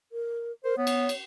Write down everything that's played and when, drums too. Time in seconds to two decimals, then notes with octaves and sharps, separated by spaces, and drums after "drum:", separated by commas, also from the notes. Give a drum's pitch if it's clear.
0.12 A#4
0.65 A#4 C5
0.77 B3 C#5
0.87 drum: cymbal
1.09 drum: cymbal